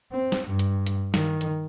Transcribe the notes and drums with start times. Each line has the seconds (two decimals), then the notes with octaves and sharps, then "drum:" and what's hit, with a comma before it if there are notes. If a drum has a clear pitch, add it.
0.12 C4
0.32 drum: snare
0.47 G2
0.59 drum: hi-hat
0.87 drum: hi-hat
1.14 D#3, drum: snare
1.41 drum: hi-hat